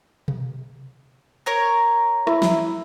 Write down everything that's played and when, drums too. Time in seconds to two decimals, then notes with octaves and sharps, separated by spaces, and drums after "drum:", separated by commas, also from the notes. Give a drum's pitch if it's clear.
0.28 drum: tom B2
1.46 A#4 C#5 A#5
2.27 E4, drum: rim click
2.42 drum: snare